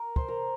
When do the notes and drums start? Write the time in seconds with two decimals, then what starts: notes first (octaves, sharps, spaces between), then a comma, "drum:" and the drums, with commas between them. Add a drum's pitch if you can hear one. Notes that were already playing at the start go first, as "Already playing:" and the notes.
Already playing: A#4
0.16 C5, drum: kick
0.28 A#4